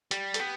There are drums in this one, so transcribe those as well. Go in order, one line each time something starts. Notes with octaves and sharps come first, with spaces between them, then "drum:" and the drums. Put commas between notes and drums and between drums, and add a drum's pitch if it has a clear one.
G3 G4, drum: hi-hat
A4, drum: hi-hat
B3 G4